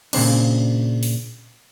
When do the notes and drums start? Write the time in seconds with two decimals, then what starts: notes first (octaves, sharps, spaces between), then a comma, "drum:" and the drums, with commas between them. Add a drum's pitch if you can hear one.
0.13 A#2 C#3 C4 D4, drum: cymbal
1.03 drum: open hi-hat